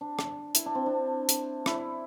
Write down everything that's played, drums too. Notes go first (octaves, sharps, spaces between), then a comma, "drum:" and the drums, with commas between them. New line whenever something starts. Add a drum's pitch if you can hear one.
D4
drum: rim click
E4, drum: hi-hat
D4
C4
D4
drum: hi-hat
E4, drum: rim click